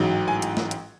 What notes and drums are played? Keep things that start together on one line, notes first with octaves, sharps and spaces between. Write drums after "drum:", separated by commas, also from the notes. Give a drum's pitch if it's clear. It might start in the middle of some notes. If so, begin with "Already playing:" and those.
Already playing: A1 G#2 F#3
G#5
drum: hi-hat
drum: snare
drum: hi-hat